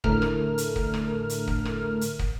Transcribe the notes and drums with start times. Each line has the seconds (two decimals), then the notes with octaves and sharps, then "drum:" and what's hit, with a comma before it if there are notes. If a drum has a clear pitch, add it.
0.04 A2 D3 A3 A#4 F6, drum: kick
0.22 drum: rim click
0.58 drum: hi-hat
0.76 drum: kick
0.94 drum: rim click
1.30 drum: hi-hat
1.47 drum: kick
1.65 drum: rim click
2.01 drum: hi-hat
2.19 drum: kick